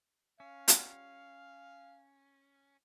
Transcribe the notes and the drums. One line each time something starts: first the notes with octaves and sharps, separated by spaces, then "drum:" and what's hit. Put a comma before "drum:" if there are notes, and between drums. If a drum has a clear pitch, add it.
C#4 F5
G3 F4 F#4, drum: hi-hat